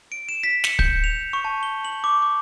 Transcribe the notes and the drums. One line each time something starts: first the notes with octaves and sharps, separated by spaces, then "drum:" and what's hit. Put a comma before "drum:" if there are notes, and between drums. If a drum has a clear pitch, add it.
D7
E7
B6
C#7, drum: snare
G6, drum: kick
F7
C#6
A5
G7
F#7
D6
D6